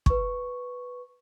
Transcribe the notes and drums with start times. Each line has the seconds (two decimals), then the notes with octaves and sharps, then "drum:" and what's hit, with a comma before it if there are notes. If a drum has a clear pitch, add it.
0.06 B4 C#6, drum: kick